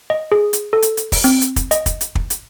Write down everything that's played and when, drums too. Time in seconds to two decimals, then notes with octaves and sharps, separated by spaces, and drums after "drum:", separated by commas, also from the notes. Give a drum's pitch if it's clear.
0.10 D#5
0.32 G#4
0.53 drum: hi-hat
0.73 A4
0.82 drum: hi-hat
0.97 drum: hi-hat
1.12 drum: kick, open hi-hat
1.24 C4, drum: hi-hat
1.42 drum: hi-hat
1.56 drum: kick, hi-hat
1.71 D#5, drum: hi-hat
1.86 drum: kick, hi-hat
2.01 drum: hi-hat
2.15 drum: kick
2.30 drum: hi-hat